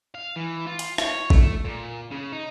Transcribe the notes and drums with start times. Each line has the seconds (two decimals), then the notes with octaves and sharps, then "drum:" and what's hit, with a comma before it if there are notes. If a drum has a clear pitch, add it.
0.15 F5
0.36 E3
0.67 F4
0.79 drum: hi-hat
0.98 C#5, drum: rim click
1.30 A3, drum: kick G#1
1.65 A#2
2.11 C#3
2.32 D#4